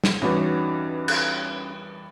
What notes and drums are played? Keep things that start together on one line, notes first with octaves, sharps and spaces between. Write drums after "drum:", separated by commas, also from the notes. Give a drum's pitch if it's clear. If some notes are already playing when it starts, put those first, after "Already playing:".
drum: snare
E2 G2 C#4 D#4 F#4
drum: cymbal